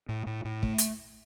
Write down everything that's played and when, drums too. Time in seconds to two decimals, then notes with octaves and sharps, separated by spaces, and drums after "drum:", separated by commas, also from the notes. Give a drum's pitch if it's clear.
0.09 A2
0.26 A2
0.45 A2
0.63 A3, drum: kick
0.78 drum: hi-hat